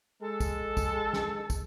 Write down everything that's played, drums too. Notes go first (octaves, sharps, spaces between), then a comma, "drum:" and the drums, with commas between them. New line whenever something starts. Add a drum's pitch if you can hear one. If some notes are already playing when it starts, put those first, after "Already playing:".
G#3 A4
drum: kick, tambourine
drum: kick, tambourine
drum: snare
drum: kick, tambourine